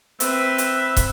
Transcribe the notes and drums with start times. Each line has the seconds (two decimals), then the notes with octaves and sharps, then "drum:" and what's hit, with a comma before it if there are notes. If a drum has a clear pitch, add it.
0.20 C4 B4 E5, drum: hi-hat
0.58 drum: hi-hat
0.96 drum: kick, hi-hat